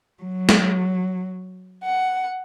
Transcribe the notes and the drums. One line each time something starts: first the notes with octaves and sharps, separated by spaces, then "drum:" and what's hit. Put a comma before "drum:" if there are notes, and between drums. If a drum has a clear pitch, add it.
F#3
drum: snare
F#5